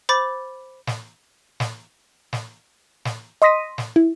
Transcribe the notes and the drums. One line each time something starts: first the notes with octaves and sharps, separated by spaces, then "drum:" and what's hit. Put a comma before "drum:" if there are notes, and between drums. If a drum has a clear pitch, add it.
C5 B5 D6 A6
drum: snare
drum: snare
drum: snare
drum: snare
D#5 C6 D#6 A#6 B6 D#7
drum: snare
E4